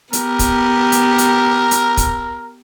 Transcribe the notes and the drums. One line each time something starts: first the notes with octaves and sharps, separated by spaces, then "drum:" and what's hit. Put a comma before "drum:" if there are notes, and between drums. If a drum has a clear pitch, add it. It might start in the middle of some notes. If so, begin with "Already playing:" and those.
B3 G4 A#4, drum: hi-hat
drum: kick, hi-hat
drum: hi-hat
drum: hi-hat
drum: hi-hat
drum: kick, hi-hat